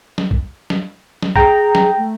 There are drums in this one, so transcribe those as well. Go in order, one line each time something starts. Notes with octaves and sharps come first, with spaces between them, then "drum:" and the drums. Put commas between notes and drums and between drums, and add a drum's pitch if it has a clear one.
drum: snare
drum: kick
drum: snare
drum: snare
G#4 G5 A#5, drum: kick
drum: snare
A3